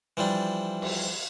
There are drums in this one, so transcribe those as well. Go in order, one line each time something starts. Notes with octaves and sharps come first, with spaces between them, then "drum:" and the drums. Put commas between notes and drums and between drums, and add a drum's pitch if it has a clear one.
E3 F3 G3 D4
drum: cymbal